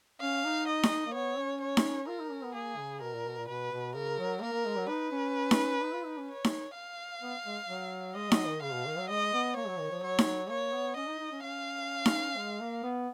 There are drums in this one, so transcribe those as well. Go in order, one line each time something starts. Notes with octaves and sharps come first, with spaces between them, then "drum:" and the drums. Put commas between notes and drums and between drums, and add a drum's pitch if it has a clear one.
C#4 F5
D#4
D#5
drum: snare D#4
A#3
B3 C#5
C#4
C#5
drum: snare D#4
F4 A#4
D#4
C#4
B3
A#3 G#4
C#3
B2 A#4
A#2
B2
A#2
B2 B4
B2
C#3 A#4
F#3
A#3 A#4
A#3
G#3
F#3
D#4 B4
C#4
drum: snare D#4
D#4
F4
D#4
C#4
C#5
drum: snare D#4
F5
B3
G#3
F#3
G#3 D#5
F#3, drum: snare D#4
D#3
C#3 F5
B2
D#3
F#3
G#3 D#5
B3
A#3 C#5
F#3
D#3
F3
F#3 C#5
drum: snare D#4
A#3 C#5
B3
C#4 D#5
D#4
D#4
C#4
C#4 F5
drum: snare D#4
G#3
A#3
B3